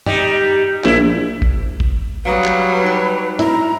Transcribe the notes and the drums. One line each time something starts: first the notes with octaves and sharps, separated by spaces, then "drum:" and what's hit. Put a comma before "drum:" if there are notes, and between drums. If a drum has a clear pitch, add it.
G3 D#4, drum: tom F#2
A#1 E4, drum: clap
drum: kick G1
drum: kick G1
F#3 G3 B4 F5 A#5 D#6
drum: clap
D#4 B5
E4 A#5, drum: hi-hat